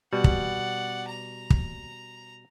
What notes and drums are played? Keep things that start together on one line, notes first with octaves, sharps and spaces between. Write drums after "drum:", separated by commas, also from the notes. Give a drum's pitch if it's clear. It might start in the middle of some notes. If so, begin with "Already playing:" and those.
B2 G3 D5 F#5
drum: kick
A#5
drum: kick